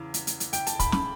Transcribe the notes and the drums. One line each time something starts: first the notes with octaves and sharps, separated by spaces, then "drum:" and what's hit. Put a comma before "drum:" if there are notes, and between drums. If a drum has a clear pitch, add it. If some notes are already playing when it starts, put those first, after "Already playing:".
Already playing: E2 C#3 E3
drum: hi-hat
drum: hi-hat
drum: hi-hat
G5, drum: hi-hat
A5, drum: hi-hat
B5, drum: kick, hi-hat
B5, drum: snare